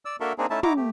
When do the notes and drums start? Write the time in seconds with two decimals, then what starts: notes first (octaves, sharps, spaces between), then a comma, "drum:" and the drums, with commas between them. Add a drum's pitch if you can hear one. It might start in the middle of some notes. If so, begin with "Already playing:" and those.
0.05 D5 E6
0.20 A#3 D4 F#4 A4 A#4 E5
0.38 A#3 C4 D4 D#4 G#4
0.50 A3 C#4 D#4 E4 E5 A5
0.63 D#4 E4 F#4 A#5 D6, drum: tom
0.77 A3 G4